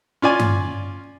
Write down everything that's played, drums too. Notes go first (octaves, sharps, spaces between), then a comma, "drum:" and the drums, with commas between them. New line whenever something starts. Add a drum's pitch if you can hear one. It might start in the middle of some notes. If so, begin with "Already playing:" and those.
C#4 F4 D5 G#5
drum: tom G2